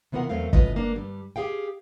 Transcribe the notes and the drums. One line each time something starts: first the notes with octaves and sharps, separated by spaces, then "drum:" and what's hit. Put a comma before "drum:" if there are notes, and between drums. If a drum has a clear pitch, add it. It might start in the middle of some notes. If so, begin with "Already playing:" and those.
C3 E3 B3 F4 A#4 F#5
E2 F#3 A3 C4 A#4 F5
A2 C#3 F4 B4 D#5, drum: kick
A#3 D4
G2 G3
G4 G#4 F5 G5